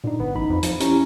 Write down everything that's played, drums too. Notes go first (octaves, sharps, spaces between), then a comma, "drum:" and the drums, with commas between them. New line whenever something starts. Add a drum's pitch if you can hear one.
A#2 D3 D#4
G1 B3
A1 D#4 B5
F2
F3, drum: hi-hat
C#4 E4 G4 A#5, drum: hi-hat